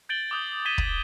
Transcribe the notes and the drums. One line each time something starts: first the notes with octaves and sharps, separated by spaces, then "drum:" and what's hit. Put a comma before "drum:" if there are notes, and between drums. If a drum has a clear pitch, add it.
G6 A6 D7 F#7 G7
D6 D#6 G6
D6 G#6 B6 D#7 E7 G7
drum: kick